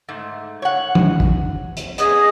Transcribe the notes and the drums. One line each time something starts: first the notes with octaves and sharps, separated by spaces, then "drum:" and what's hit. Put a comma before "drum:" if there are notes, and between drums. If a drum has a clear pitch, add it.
G#2 A3
C#5 F#5
drum: tom
drum: kick
drum: hi-hat
B3 C#4 G#4 D#5 D#6, drum: hi-hat